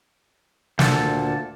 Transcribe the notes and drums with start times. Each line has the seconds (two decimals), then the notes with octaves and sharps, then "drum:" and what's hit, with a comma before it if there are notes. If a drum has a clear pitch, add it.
0.79 D2 A#2 A4, drum: snare